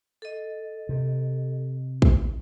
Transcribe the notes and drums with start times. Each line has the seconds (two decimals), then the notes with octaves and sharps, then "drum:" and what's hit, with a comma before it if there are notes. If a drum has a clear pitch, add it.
0.22 A4 D#5
0.89 C3
2.02 drum: kick